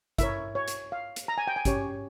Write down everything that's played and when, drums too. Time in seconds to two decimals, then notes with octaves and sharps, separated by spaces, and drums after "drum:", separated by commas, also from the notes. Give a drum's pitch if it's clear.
0.18 E4 A#4 C#5 E5, drum: kick, hi-hat
0.55 C#5
0.68 drum: hi-hat
0.92 F5
1.16 drum: hi-hat
1.28 A#5
1.38 G#5
1.47 G5
1.56 G#5
1.65 C#4 G4 C#5, drum: kick, hi-hat